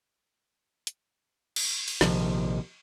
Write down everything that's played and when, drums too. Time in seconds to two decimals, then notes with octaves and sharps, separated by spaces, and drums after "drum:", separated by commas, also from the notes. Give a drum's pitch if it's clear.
0.87 drum: hi-hat
1.56 drum: cymbal
1.88 drum: cymbal
2.01 A#1 C3 D#3 F3, drum: snare